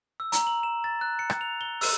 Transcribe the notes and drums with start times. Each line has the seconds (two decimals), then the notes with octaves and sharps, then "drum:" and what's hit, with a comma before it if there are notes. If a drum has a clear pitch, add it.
0.20 E6
0.32 A#5, drum: hi-hat
0.47 F#7
0.63 E7
0.84 A6
1.01 F#6
1.19 C#7
1.30 drum: rim click
1.41 F7
1.61 G7
1.81 E6, drum: open hi-hat